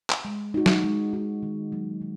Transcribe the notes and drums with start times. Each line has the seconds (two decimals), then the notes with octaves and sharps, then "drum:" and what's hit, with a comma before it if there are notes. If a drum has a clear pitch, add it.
0.10 drum: clap
0.25 G#3
0.54 D#4 F#4
0.66 drum: snare
0.84 G#3
1.13 D#4 F#4
1.43 D#3
1.72 F#3 A#3
2.01 D#3